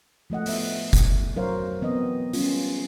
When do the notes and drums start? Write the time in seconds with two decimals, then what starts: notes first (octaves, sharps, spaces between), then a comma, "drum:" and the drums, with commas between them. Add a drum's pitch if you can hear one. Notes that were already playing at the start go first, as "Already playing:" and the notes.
0.30 F3 A3 D#5 F#5
0.46 B3 E5, drum: open hi-hat
0.93 drum: kick F1, hi-hat
1.36 F#3 A#4 C5 C#5 F5
1.81 E3 F#3 B3 C4 D#5
2.33 G3 C#4 F4, drum: open hi-hat